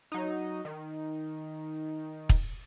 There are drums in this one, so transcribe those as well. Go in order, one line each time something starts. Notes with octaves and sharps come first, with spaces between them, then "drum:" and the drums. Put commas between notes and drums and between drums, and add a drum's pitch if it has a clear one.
F#3 D#4
D#3
drum: kick